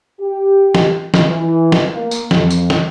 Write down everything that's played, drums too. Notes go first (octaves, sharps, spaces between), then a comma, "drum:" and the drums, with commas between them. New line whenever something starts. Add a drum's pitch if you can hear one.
G4
drum: snare
drum: snare
E3
drum: snare
A#3
drum: tambourine
F2, drum: snare
drum: tambourine
drum: snare